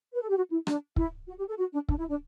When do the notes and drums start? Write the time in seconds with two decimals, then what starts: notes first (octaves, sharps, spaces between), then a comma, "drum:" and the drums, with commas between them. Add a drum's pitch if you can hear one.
0.14 B4
0.21 A4
0.29 G4
0.36 F#4
0.51 E4
0.67 D4, drum: rim click
0.96 E4, drum: kick
1.27 F#4
1.38 G4
1.48 A4
1.58 F#4
1.74 D4
1.89 D4, drum: kick
1.98 E4
2.09 D4